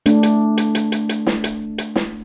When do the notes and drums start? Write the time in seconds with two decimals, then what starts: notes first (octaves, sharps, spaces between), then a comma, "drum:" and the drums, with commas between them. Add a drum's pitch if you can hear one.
0.06 A3 D4, drum: hi-hat
0.23 drum: hi-hat
0.58 drum: hi-hat
0.75 drum: hi-hat
0.92 drum: hi-hat
1.09 drum: hi-hat
1.27 drum: snare
1.44 drum: hi-hat
1.78 drum: hi-hat
1.96 drum: snare